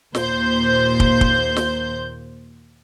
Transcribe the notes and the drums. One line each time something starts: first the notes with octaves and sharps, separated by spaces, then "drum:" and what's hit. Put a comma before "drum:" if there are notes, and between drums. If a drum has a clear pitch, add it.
D#2 A#2 C5 G6, drum: snare
drum: kick
drum: kick
drum: snare